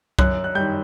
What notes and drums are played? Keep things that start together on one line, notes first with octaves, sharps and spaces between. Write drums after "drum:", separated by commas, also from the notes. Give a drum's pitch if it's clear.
F#2 F#6, drum: kick
F#6
D#3 G3 G6